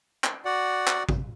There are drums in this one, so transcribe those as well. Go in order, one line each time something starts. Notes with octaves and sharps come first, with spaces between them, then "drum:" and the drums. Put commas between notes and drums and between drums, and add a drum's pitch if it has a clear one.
drum: clap
F#4 D5 F#5
drum: clap
drum: kick